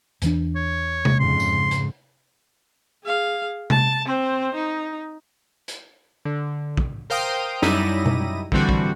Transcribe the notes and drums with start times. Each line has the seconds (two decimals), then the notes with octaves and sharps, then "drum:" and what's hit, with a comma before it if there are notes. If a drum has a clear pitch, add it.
0.22 E2 E3 D4, drum: hi-hat
0.56 C#5
1.05 drum: tom C3
1.20 F2 G#2 C#3 C6
1.40 drum: tambourine
1.71 drum: hi-hat
3.04 G#4 F5
3.70 A5, drum: tom C3
4.06 C4 C5
4.55 D#4
5.68 drum: hi-hat
6.25 D3
6.77 drum: kick
7.10 A#4 C5 F5 G5 D#6
7.62 F#2 G3 D#4 E4 A#6 D#7, drum: snare
8.06 drum: tom B2
8.52 D3 E3 G3 C4 F#4, drum: kick
8.69 drum: kick